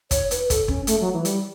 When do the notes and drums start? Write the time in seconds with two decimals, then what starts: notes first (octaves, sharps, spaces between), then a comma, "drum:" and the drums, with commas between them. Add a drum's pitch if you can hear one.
0.11 C#5, drum: kick, hi-hat
0.31 B4, drum: hi-hat
0.50 A4, drum: kick, hi-hat
0.68 C#4, drum: kick
0.87 A3, drum: hi-hat
1.01 F#3
1.13 E3
1.25 G3, drum: hi-hat